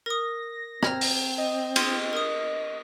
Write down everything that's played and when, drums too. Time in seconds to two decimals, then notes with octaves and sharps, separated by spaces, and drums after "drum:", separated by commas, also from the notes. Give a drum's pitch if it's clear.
0.06 A#4 D#6 A#6
0.83 C4 A#5 F6 G#6, drum: rim click
1.01 drum: open hi-hat
1.38 D#5
1.76 C6, drum: cymbal
2.13 A#4 D#6